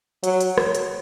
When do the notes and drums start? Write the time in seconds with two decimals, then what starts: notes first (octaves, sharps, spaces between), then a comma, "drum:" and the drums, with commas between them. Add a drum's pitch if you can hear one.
0.24 F#3, drum: hi-hat
0.40 drum: hi-hat
0.58 drum: rim click
0.75 drum: hi-hat